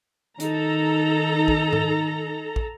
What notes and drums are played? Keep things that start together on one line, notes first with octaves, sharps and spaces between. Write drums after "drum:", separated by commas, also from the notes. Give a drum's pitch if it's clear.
D#3 D#4 A4 A#5, drum: hi-hat
drum: kick
drum: tom G#2
drum: kick